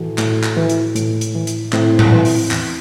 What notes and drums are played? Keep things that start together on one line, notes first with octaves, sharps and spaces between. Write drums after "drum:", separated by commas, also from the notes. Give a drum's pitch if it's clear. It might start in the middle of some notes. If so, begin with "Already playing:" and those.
Already playing: A2 E3 F#4 A4
A2, drum: clap
drum: clap
E3
drum: hi-hat
A2, drum: hi-hat
drum: hi-hat
E3
drum: hi-hat
A2 C4 E4, drum: clap
drum: tom A2
E3
drum: open hi-hat
E2, drum: clap